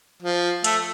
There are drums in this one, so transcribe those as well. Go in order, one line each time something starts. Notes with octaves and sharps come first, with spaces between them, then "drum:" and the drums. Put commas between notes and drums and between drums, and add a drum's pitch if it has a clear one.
F3
A3, drum: hi-hat